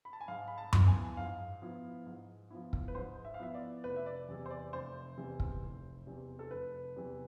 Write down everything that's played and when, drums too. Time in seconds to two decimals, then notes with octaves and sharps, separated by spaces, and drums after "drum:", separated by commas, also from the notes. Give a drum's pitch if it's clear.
0.05 B5
0.13 A5
0.21 G#5
0.28 G#2 F5
0.48 B5
0.58 A5
0.73 F3 B3 E4, drum: tom F#2
0.87 G#5
1.17 G#2 F5
1.62 F3 B3 E4
2.06 G#2
2.51 F3 B3 E4
2.73 drum: kick
2.88 B4
2.95 G#2 C5
3.25 E5
3.34 F5
3.40 F3 B3 E4 E5
3.54 D5
3.84 F1 B4
3.96 E5
4.06 D5
4.28 E2 C3 E3
4.46 C5
4.51 D5
4.73 F1 C5
5.18 E2 C3 E3
5.40 drum: kick
5.62 F1
6.07 E2 C3 E3
6.39 A4
6.50 F1 B4
6.96 E2 C3 E3